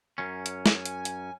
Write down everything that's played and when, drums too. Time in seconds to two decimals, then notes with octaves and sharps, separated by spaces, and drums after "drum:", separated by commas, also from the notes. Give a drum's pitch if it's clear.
0.18 F#2 C#4
0.46 drum: hi-hat
0.66 G#5, drum: snare
0.85 drum: hi-hat
1.05 drum: hi-hat